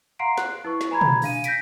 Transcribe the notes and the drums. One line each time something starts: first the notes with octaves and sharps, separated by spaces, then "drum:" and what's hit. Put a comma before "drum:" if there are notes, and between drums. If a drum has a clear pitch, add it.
F5 F#5 A#5 C6 C7 D7
F#6, drum: snare
E4 B4 C#6
drum: snare
G#5 A#5 B5 G#6
drum: tom B2
D4 F5 D#7, drum: open hi-hat
G6 A#6 B6 D7, drum: hi-hat